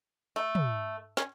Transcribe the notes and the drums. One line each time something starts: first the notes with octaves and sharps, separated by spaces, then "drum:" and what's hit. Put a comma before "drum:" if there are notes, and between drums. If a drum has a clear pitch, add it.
A3
drum: tom
C#4, drum: snare